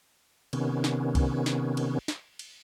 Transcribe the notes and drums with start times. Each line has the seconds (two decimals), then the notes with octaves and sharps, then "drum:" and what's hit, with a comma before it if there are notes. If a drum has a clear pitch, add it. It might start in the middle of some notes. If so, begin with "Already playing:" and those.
0.53 C3 D#3 B3 C#4, drum: cymbal
0.84 drum: snare
1.15 drum: kick, cymbal
1.46 drum: snare
1.77 drum: cymbal
2.08 drum: snare
2.39 drum: cymbal